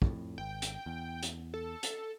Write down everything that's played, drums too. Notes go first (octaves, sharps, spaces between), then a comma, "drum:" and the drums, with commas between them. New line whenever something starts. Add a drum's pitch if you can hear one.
F2 A2, drum: kick
G#1 G5
drum: hi-hat
E2
drum: hi-hat
A4
drum: hi-hat